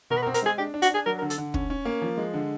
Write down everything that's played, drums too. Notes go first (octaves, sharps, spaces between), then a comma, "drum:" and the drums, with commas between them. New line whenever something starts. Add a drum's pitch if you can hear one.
B2 A#4
B4
A#4
C4
A#4, drum: hi-hat
G#3 G#4
D4 G4
D4
F#4, drum: hi-hat
D4 G#4
F#3 A#4
A#4
D3
A4, drum: hi-hat
D3
C#4, drum: kick
C#4
A#3
F3
G#3
D3